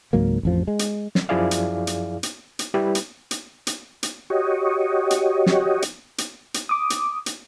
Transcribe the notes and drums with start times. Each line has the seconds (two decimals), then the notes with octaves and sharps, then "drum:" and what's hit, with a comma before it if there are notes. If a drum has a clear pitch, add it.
0.13 C#2 G#2 F#3 A#3
0.43 A1 F2 F3
0.67 G#3
0.79 drum: hi-hat
1.15 drum: snare
1.29 F#2 F3 E4 G#4 D5 F5
1.51 drum: hi-hat
1.87 drum: hi-hat
2.23 drum: hi-hat
2.59 drum: hi-hat
2.74 G3 E4 G4 B4
2.95 drum: hi-hat
3.31 drum: hi-hat
3.67 drum: hi-hat
4.03 drum: hi-hat
4.30 F#4 G4 C#5 D#5
5.10 drum: hi-hat
5.46 drum: snare
5.82 drum: hi-hat
6.18 drum: hi-hat
6.54 drum: hi-hat
6.69 D6 D#6
6.90 drum: hi-hat
7.26 drum: hi-hat